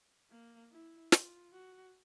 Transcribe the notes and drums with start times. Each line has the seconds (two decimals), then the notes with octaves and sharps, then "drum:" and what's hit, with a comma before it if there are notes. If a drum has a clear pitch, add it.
0.30 A#3
0.71 E4
1.12 F4, drum: snare
1.53 F#4